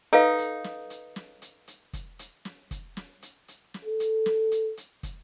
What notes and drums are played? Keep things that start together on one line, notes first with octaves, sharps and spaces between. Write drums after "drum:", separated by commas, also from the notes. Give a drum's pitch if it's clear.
D#4 A4 B4 F5, drum: hi-hat
drum: hi-hat
drum: snare
drum: hi-hat
drum: snare
drum: hi-hat
drum: hi-hat
drum: kick, hi-hat
drum: hi-hat
drum: snare
drum: kick, hi-hat
drum: snare
drum: hi-hat
drum: hi-hat
drum: snare
A4
drum: hi-hat
drum: snare
drum: hi-hat
drum: hi-hat
drum: kick, hi-hat